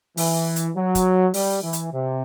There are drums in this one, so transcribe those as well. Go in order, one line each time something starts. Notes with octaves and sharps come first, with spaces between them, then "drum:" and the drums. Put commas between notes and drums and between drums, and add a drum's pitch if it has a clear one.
E3, drum: open hi-hat
drum: hi-hat
F#3
drum: kick, hi-hat
G3, drum: open hi-hat
E3
drum: hi-hat
C3